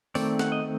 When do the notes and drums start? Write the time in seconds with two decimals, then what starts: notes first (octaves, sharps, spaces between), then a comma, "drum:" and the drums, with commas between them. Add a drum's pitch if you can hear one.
0.15 D#3 A3 C4 D5, drum: open hi-hat
0.39 F#5, drum: snare
0.52 D#5